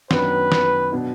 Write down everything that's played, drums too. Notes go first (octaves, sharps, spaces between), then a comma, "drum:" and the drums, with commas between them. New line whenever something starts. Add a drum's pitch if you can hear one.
F#2 D#3 F#3 B3 D4 B4, drum: snare
drum: snare
B2 F#3 B3 D4